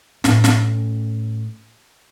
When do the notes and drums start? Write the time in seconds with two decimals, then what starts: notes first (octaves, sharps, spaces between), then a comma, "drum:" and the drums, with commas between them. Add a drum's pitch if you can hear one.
0.24 A2 C#4, drum: snare
0.44 drum: snare